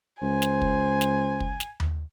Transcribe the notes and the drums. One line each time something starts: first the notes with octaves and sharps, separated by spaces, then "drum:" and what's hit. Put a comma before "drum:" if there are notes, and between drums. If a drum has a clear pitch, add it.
C#2 C5 G#5
drum: snare
drum: kick
drum: snare
drum: kick
drum: snare
drum: tom D#2